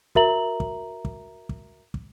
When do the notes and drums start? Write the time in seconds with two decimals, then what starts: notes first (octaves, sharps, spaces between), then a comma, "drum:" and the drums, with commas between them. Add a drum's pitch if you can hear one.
0.15 F#4 A#4 E5 A#5 F#7, drum: kick
0.60 drum: kick
1.05 drum: kick
1.49 drum: kick
1.94 drum: kick